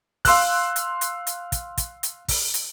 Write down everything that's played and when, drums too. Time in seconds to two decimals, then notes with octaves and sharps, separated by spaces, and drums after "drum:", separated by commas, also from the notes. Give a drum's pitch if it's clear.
0.25 F5 C6 E6 F#6, drum: kick, open hi-hat
0.76 drum: hi-hat
1.01 drum: hi-hat
1.27 drum: hi-hat
1.52 drum: kick, hi-hat
1.78 drum: kick, hi-hat
2.03 drum: hi-hat
2.28 drum: kick, open hi-hat
2.54 drum: hi-hat